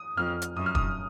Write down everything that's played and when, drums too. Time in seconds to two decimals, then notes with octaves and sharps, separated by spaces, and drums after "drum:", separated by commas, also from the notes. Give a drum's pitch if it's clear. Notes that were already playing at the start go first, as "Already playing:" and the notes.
Already playing: D#6
0.17 F2 F6
0.42 drum: hi-hat
0.56 F#2 D#6
0.66 F6
0.75 D#6, drum: kick